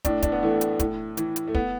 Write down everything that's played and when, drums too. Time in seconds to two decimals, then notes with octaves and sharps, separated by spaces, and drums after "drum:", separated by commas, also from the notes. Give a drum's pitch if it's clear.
0.05 A2 D4, drum: kick, hi-hat
0.22 D4, drum: kick, hi-hat
0.32 B3
0.43 E3 A3
0.61 drum: hi-hat
0.79 A2, drum: kick, hi-hat
1.17 E3, drum: hi-hat
1.36 drum: hi-hat
1.48 A3
1.55 B3, drum: kick